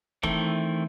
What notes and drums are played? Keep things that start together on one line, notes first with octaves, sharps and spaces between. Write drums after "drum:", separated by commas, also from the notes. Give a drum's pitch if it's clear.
D#3 E3 A3 C4, drum: kick F1